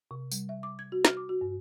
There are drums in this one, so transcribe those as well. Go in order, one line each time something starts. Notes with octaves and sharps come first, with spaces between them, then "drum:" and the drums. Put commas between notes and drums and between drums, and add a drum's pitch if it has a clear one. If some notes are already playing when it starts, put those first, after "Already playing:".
C3
G3, drum: tambourine
E5
D6
G#6
F#4
F6, drum: snare
D6
F#4
G2